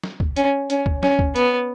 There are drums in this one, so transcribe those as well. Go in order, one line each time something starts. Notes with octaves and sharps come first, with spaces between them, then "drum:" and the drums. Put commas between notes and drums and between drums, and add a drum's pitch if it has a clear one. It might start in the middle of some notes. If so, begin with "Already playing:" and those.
drum: snare
drum: kick
C#4, drum: hi-hat
C#4, drum: hi-hat
drum: kick
C#4, drum: snare
drum: kick
B3, drum: hi-hat